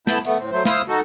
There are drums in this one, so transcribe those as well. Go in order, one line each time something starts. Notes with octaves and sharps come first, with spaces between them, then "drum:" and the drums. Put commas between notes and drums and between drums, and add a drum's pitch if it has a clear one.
A3 B3 E4 A5 B5 G6, drum: snare
A3 B3, drum: hi-hat
A2 C4
F#3 A3 C5
E4 C5 F5 D#6 E6, drum: snare
D#4 F#4 A4